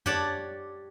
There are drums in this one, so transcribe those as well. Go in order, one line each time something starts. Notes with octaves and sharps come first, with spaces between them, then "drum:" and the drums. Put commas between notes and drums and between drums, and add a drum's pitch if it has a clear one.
G4 C#5 D5 F#5 A5, drum: tom F#2